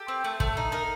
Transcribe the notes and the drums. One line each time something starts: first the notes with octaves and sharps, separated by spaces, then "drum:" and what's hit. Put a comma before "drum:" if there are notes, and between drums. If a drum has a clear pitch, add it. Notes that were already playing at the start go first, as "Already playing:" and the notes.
Already playing: G4 A4
C4
A3
A3, drum: kick
D#4
D#4 A#4